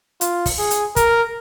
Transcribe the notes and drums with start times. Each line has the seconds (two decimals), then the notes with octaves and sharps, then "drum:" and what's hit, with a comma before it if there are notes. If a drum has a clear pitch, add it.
0.21 F4, drum: hi-hat
0.46 drum: kick, open hi-hat
0.59 G#4
0.71 drum: hi-hat
0.96 A#4, drum: kick, hi-hat